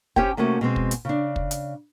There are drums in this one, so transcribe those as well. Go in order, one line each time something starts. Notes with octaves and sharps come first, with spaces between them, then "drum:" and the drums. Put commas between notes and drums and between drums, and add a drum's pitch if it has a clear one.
C#4 G4 C5 C#5 G5, drum: kick
C3 A3 A#3 C#4 F#4
B2 G#3 C4
drum: kick
drum: hi-hat
C#3 D4
drum: kick
drum: hi-hat